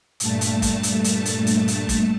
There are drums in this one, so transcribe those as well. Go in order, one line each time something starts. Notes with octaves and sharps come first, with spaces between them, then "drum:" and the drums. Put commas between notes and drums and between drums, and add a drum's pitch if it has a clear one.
G2 A#2 A3 A5, drum: hi-hat
drum: hi-hat
drum: kick, hi-hat
drum: hi-hat
drum: hi-hat
drum: hi-hat
drum: hi-hat
drum: hi-hat
drum: kick, hi-hat